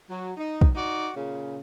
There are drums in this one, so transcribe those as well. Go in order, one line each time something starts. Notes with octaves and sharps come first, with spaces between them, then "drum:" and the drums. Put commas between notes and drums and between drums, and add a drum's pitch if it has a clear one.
F#3
D#4
drum: kick
D#4 F#4 D5
A#2 C#3